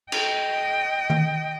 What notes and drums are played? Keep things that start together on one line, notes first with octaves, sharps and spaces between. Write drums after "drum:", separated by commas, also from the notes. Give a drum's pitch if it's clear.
D#5 G5, drum: cymbal
drum: tom D#3